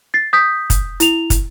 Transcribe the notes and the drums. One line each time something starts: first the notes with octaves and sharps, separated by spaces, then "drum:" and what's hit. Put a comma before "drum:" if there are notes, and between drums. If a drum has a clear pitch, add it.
A6 C7
D#6 G6 B6
drum: kick, hi-hat
E4 F7, drum: hi-hat
drum: kick, hi-hat